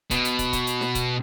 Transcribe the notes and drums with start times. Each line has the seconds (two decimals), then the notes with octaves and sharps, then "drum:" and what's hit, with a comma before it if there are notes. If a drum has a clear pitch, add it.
0.11 B2, drum: kick, hi-hat
0.25 drum: hi-hat
0.39 drum: kick, hi-hat
0.53 drum: kick, hi-hat
0.67 drum: hi-hat
0.81 drum: snare
0.95 drum: kick, hi-hat